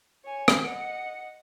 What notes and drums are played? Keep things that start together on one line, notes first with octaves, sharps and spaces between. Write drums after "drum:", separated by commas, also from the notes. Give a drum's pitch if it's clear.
C#5 G#5
drum: rim click
D#5 F#5